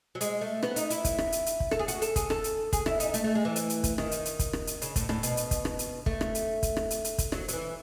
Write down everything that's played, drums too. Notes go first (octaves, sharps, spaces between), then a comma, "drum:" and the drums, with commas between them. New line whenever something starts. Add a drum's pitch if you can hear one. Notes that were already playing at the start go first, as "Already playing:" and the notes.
F#3
G#3, drum: hi-hat
A3
B3, drum: rim click
D#4, drum: hi-hat
E4, drum: hi-hat
drum: kick, hi-hat
drum: rim click
drum: hi-hat
drum: hi-hat
drum: kick
A4, drum: rim click
G#4
F#4, drum: hi-hat
A4, drum: hi-hat
G#4, drum: kick, hi-hat
A4, drum: rim click
drum: hi-hat
G#4, drum: kick, hi-hat
E4, drum: rim click
D#4, drum: hi-hat
A3, drum: hi-hat
A3
G#3
E3
drum: hi-hat
drum: hi-hat
drum: kick, hi-hat
D#3, drum: rim click
drum: hi-hat
drum: hi-hat
drum: kick, hi-hat
drum: rim click
drum: hi-hat
C#3, drum: hi-hat
A2, drum: kick, hi-hat
A2, drum: rim click
B2, drum: hi-hat
drum: hi-hat
drum: kick, hi-hat
drum: rim click
drum: hi-hat
A3, drum: kick
drum: rim click
drum: hi-hat
drum: kick, hi-hat
drum: rim click
drum: hi-hat
drum: hi-hat
drum: kick, hi-hat
F#3, drum: rim click
F#3, drum: hi-hat
E3